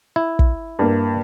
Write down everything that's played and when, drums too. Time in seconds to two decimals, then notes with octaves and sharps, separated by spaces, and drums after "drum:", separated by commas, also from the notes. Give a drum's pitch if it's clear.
0.16 E4
0.39 drum: kick
0.79 G2 A#3